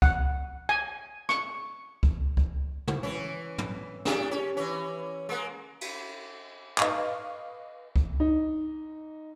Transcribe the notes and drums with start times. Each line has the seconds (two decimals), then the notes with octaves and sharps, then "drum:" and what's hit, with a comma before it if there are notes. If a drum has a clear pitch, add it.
0.02 F#5, drum: kick C#2
0.69 G#5
1.29 C#6, drum: rim click
2.03 drum: kick C#2
2.37 drum: kick C#2
2.88 drum: tom
3.03 E3 C#4
3.58 drum: tom
4.05 A2 D4 G4, drum: snare
4.31 C#4
4.57 E3 C#4
5.29 G#3 A#3
5.81 drum: cymbal
6.78 B4 D#5 F5 C#6 D6, drum: clap
7.96 drum: kick C#2
8.20 D#4